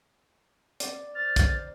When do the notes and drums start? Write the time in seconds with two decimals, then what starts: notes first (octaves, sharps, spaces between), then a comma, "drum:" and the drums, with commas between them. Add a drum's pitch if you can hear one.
0.80 D5, drum: hi-hat
1.15 C5 F6 A6
1.36 drum: kick, hi-hat